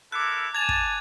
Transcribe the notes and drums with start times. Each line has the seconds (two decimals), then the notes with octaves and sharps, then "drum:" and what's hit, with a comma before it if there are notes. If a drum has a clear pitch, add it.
0.12 E4 A4 A#4 D6 F#6
0.55 G#5 A5 G#6 F7
0.69 drum: kick